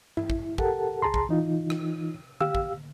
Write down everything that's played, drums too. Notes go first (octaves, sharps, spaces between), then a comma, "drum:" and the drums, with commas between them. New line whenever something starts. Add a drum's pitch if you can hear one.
E4, drum: tom G2
drum: kick
G4 A4 A#4 F#5 A5, drum: kick
C2 G#4 A5 A#5 C6
drum: kick
E3 D#4 F4
drum: rim click
G4 F5 E6, drum: tom D3
drum: kick